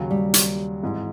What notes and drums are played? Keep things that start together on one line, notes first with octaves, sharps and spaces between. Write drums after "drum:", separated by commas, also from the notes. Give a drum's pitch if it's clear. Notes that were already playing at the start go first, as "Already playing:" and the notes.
Already playing: D#2 C#3 F#3
G3
drum: hi-hat
G#1 G#2 E3